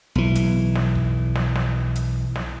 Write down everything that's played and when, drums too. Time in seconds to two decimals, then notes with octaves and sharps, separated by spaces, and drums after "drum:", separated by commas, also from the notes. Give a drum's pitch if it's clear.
0.15 B1 E3
0.35 drum: hi-hat
0.75 drum: snare
0.95 drum: kick
1.35 drum: snare
1.55 drum: snare
1.96 drum: hi-hat
2.36 drum: snare